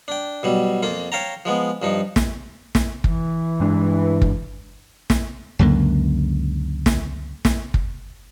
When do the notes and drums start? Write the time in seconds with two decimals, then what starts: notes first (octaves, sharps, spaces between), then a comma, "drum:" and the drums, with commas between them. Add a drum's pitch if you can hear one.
0.08 D4 G5
0.43 B2 F#3 G3
0.83 F2 A#3 F4
1.12 C#5 F5 G5 A5 A#5
1.45 F3 G#3 B3
1.82 G2 F3 D#4
2.16 drum: snare
2.75 drum: snare
3.04 E3, drum: kick
3.60 G2 G#3 D4
4.22 drum: kick
5.10 drum: snare
5.59 C#2 F#2 D3 A#3
6.86 drum: snare
7.45 drum: snare
7.74 drum: kick